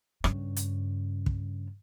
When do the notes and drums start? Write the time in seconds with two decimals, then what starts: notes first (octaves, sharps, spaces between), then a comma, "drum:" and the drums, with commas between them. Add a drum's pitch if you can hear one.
0.24 G2 C#3, drum: rim click
0.57 drum: hi-hat
1.26 drum: kick